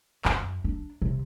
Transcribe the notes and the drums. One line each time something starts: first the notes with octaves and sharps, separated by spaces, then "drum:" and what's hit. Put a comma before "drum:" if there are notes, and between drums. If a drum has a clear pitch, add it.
F#2, drum: clap
D4
C3